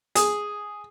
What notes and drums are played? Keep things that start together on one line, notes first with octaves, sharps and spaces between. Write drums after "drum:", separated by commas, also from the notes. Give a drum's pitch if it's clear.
G#4, drum: hi-hat